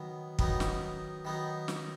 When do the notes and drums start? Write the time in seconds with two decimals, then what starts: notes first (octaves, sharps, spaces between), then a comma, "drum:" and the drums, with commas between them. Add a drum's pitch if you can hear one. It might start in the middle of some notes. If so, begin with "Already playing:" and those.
Already playing: D#3 F#3 B3
0.39 D#3 F#3 B3 D#4, drum: kick
0.60 drum: snare
1.25 D#3 F#3 B3 D#4
1.68 drum: snare